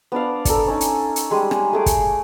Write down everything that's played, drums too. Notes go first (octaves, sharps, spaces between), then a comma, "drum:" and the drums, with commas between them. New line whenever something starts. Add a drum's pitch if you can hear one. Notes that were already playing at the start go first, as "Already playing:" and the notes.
B3 D4 D5 F5
A4 A#4 D5, drum: kick, hi-hat
C#4 D#4
drum: hi-hat
drum: hi-hat
G3 G#3 G#4
drum: rim click
A3 G#4 D6
drum: kick, hi-hat